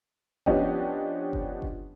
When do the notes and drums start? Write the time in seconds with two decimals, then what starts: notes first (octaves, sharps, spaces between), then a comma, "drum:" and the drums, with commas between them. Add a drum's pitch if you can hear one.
0.46 F3 B3 C#4 D4 G4 D#5, drum: kick F#1
1.33 drum: kick F#1
1.62 drum: kick F#1